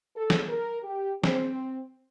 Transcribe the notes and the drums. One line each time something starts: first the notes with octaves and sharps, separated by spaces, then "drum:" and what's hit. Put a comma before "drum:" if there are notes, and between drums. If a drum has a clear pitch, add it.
A4
drum: snare
A#4
G4
C4, drum: snare